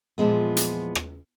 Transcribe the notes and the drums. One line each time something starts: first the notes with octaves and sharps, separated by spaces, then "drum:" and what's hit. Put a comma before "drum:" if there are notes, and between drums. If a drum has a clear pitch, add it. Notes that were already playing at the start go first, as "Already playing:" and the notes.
E2 A#2 F3 G#3 B3
drum: hi-hat
drum: rim click